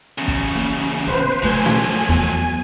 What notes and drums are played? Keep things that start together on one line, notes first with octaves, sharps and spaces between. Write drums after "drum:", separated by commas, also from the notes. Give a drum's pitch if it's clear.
E2 C#3
drum: kick
A#3, drum: hi-hat
D2 D#3 B4 C5
D3 F3 F#3 A3 G#5
drum: snare
E2, drum: hi-hat